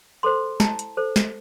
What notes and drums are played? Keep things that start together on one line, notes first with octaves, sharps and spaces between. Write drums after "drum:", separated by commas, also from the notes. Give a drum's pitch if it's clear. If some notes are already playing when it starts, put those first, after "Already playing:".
A4 C5 C6
E4 A5, drum: snare
drum: hi-hat
A4 C5
drum: snare